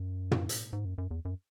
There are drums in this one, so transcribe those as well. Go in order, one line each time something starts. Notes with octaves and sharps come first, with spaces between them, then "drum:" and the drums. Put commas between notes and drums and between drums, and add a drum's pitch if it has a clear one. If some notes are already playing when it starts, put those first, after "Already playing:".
Already playing: F#2
drum: tom
drum: hi-hat
G#2
F#2
F#2
E2
F#2